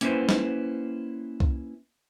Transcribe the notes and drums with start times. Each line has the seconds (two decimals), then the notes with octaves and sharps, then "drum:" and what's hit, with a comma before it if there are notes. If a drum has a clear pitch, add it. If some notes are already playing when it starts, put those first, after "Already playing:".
0.01 A#3 C#4 E4 F#4 B4 C5, drum: hi-hat
0.29 drum: snare
1.40 drum: kick